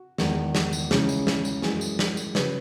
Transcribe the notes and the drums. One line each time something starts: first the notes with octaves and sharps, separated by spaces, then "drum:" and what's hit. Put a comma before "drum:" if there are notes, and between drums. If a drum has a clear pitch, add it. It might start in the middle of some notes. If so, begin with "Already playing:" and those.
Already playing: F#4
E2 D#3 G#3, drum: snare
drum: snare
drum: tambourine
C#2 C#3 E3 G#3, drum: snare
drum: tambourine
drum: snare
drum: tambourine
F#2 E3 G#3 G#4, drum: snare
drum: tambourine
drum: snare
drum: tambourine
C#3 F#3 B4, drum: snare